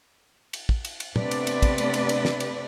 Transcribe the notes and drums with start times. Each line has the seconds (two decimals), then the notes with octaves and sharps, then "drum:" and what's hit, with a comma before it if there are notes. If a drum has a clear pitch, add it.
0.53 drum: cymbal
0.69 drum: kick
0.85 drum: cymbal
1.00 drum: cymbal
1.16 C3 A3 B3 D4 B4 D5, drum: tom
1.31 drum: cymbal
1.47 drum: cymbal
1.62 drum: kick, cymbal
1.78 drum: cymbal
1.94 drum: cymbal
2.09 drum: cymbal
2.25 drum: snare
2.40 drum: cymbal